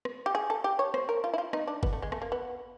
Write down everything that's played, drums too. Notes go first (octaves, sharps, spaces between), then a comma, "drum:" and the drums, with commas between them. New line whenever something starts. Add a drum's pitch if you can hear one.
drum: rim click
G4
G#4
A4
G4
C#5
C5, drum: rim click
A#4
F4
E4
F4
D#4, drum: rim click
D4
B3, drum: kick F#1
A3
G#3
A3, drum: rim click
A#3
B3